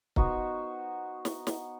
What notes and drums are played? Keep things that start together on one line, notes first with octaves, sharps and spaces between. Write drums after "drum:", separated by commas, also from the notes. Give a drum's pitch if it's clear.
B3 D#4 F#4 C5, drum: kick C#1
drum: snare
drum: snare